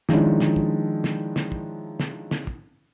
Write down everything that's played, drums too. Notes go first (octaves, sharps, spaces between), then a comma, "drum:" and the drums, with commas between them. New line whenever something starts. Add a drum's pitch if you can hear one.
D#3 F3 G#3 C#4 D4 E4, drum: snare
drum: snare
drum: kick
drum: snare
drum: snare
drum: kick
drum: snare
drum: snare
drum: kick